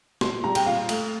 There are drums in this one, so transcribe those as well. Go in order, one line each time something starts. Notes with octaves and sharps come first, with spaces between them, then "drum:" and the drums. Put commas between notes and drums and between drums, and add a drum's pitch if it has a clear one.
A#2 C6, drum: snare
G3 A#5
G5, drum: cymbal
A#2 F5
A3, drum: cymbal